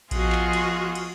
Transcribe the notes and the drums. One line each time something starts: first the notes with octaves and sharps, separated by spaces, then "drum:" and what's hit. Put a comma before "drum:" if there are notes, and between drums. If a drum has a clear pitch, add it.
F3 B3 F4 F#4 G#4 D#5, drum: kick A#1, cymbal
drum: clap
drum: cymbal
drum: cymbal